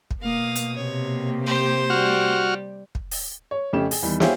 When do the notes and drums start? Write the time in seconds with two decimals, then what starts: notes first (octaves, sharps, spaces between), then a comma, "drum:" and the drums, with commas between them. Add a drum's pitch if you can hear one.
0.11 drum: kick
0.22 B2 A#3 F5 D#6
0.55 drum: hi-hat
0.76 C3 A#3 C#5
1.46 G4 C5
1.90 G3 F#4 G4 F6
2.95 drum: kick
3.11 drum: open hi-hat
3.51 C#5
3.73 F2 C#3 A3 C#4 G4 E7
3.91 G#4, drum: open hi-hat
4.03 E2 D#3 G3
4.20 E4 G4 G#4 C5 C#5 F5, drum: snare